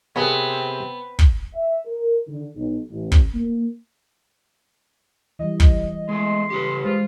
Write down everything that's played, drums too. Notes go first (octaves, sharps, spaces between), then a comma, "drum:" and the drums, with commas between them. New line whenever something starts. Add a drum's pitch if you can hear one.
C3 B3 C4 G#4 A#4 B4 C#5
drum: kick
E5
A#4
D3
B1
A1
drum: kick
A#3
E3 F#3 G3 D#5
drum: kick
G#3 A3 C6
C#3 G4 A4 B4
G#3 F4 C5